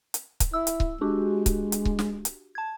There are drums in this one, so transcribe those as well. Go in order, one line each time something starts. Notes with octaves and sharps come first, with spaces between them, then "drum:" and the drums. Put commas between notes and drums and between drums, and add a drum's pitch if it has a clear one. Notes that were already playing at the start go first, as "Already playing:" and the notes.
drum: hi-hat
drum: kick C#1, hi-hat
E4 E6
drum: hi-hat
drum: kick C#1
G#3 D4 F#4 G4
drum: kick C#1, hi-hat
drum: hi-hat
drum: kick C#1
drum: snare
drum: hi-hat
A5 G#6